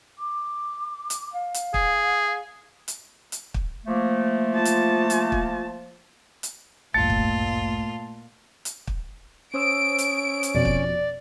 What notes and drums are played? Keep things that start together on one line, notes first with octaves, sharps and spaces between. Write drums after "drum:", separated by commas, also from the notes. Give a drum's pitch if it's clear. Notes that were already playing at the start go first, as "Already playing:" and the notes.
D6
drum: hi-hat
F5
drum: hi-hat
G#4, drum: kick
drum: hi-hat
drum: hi-hat
drum: kick
F3 A3 A#3
F4 A5
drum: hi-hat
drum: hi-hat
drum: kick
drum: hi-hat
A1 D2 G2 A#2 A3 F4 A6
drum: kick
drum: hi-hat
drum: kick
C#4 C5 D#6 E6 D7
drum: hi-hat
drum: hi-hat
F2 B2 D5
drum: kick